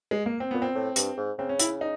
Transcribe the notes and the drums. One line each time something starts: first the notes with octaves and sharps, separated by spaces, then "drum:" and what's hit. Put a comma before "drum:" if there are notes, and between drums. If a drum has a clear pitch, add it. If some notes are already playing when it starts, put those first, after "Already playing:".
G#3
A#3
C4
A#2 B3
C4
A2
G2, drum: hi-hat
G#2
C#3 C4
C#4
E4, drum: hi-hat
D#4